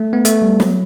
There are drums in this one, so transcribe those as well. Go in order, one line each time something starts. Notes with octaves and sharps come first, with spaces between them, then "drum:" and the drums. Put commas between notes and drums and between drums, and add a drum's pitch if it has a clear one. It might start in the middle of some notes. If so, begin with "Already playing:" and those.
Already playing: A3
B3
A3, drum: hi-hat
G3
F#3, drum: snare